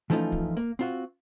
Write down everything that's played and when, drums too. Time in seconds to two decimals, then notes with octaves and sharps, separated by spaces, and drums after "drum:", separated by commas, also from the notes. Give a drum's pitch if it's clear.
0.10 E3 F3 A3 C#4 D#4 F4
0.32 drum: kick
0.57 A#3
0.79 C4 F4 F#4